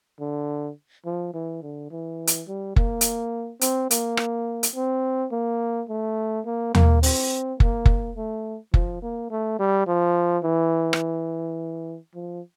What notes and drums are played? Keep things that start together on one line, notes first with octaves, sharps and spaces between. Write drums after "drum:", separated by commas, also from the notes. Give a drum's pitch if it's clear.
D3
F3
E3
D3
E3
drum: hi-hat
G3
A#3, drum: kick F#1
drum: hi-hat
C4, drum: hi-hat
A#3, drum: hi-hat
drum: rim click
drum: hi-hat
C4
A#3
A3
A#3
A#3, drum: tom
C4, drum: open hi-hat
A#3, drum: kick F#1
drum: kick F#1
A3
F3, drum: kick F#1
A#3
A3
G3
F3
E3
drum: rim click
F3